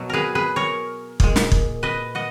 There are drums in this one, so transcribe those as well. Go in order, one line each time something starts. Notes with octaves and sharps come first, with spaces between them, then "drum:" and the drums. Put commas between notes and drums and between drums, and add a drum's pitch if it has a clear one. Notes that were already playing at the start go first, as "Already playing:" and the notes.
Already playing: B2 F#3
G#4 A#4 B4
G#4 B4
A#4 C#5
A#2 G#3, drum: kick
drum: snare
drum: kick
B4 D#5
D#5 F#5